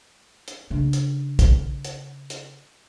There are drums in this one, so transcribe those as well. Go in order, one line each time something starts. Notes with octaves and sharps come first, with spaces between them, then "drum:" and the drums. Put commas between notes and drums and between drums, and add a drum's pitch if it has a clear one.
drum: hi-hat
C#3 D4
drum: hi-hat
drum: kick, hi-hat
drum: hi-hat
drum: hi-hat